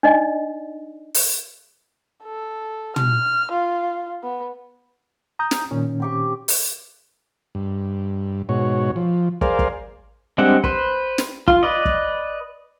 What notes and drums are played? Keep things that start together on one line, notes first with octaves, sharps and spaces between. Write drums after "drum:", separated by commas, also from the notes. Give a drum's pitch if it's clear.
D4 D#4 D5 D#5
drum: open hi-hat
A4
F6, drum: tom
F4
B3
A#5 D#6 G6
drum: snare
A#2 D#3 C#4
C4 G4 C#6
drum: open hi-hat
G2
G#2 B2 F#4 C#5
F3
G#4 A#4 C5 D5 F5, drum: kick
drum: kick
G3 G#3 C4 D4 F#5
B4 C5, drum: kick
drum: snare
F4, drum: kick
B4 D5 D#5
drum: kick